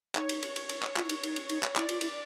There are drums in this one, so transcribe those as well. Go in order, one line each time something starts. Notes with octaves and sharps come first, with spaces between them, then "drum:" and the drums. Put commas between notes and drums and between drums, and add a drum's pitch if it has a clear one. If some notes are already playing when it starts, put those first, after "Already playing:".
D#4 C#5, drum: clap
drum: cymbal
drum: cymbal
drum: cymbal
drum: cymbal
drum: clap
F4, drum: clap
E4
D#4, drum: cymbal
D#4, drum: cymbal
drum: cymbal
D#4, drum: cymbal
drum: clap
E4 D5, drum: clap
F4, drum: cymbal
E4, drum: cymbal